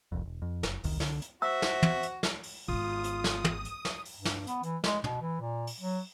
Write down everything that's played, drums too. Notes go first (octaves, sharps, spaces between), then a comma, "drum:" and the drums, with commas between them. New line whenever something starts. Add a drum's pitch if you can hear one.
F1 C2 F2
E1
F2
F#1, drum: snare
E1 C2 D#3, drum: open hi-hat
C2 D3, drum: snare
drum: hi-hat
F#4 C5 E5 E6
drum: snare
drum: tom
drum: hi-hat
drum: snare
drum: open hi-hat
G#1 B3 F4 D#6
drum: hi-hat
drum: snare
drum: tom
drum: hi-hat
drum: snare
drum: open hi-hat
G2
drum: snare
B3, drum: hi-hat
E3, drum: hi-hat
G#3, drum: snare
B2, drum: tom
E3
A#2
drum: open hi-hat
F#3